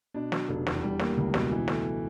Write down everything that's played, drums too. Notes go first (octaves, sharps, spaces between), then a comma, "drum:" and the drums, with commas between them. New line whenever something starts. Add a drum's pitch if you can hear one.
B2 D4
F#3, drum: snare
F1
E2, drum: snare
G3
A#3, drum: snare
C#2
B2, drum: snare
E3
A3, drum: snare